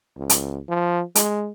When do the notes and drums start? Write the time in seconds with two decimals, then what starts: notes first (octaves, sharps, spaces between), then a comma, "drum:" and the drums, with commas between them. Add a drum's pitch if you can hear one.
0.17 C#2
0.30 drum: hi-hat
0.69 F3
1.15 G#3, drum: hi-hat